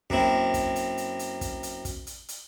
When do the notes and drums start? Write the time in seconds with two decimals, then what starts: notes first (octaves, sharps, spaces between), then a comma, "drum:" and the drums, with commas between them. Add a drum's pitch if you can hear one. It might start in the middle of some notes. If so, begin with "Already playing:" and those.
0.10 F#2 A#3 C4 E4, drum: kick
0.54 drum: kick, hi-hat
0.76 drum: hi-hat
0.97 drum: hi-hat
1.19 drum: hi-hat
1.41 drum: kick, hi-hat
1.63 drum: hi-hat
1.85 drum: kick, hi-hat
2.07 drum: hi-hat
2.29 drum: hi-hat